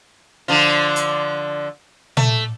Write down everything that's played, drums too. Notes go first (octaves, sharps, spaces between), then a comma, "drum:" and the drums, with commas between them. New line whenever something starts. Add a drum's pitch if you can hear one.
D3 F3 F4
drum: hi-hat
A3, drum: tom A#2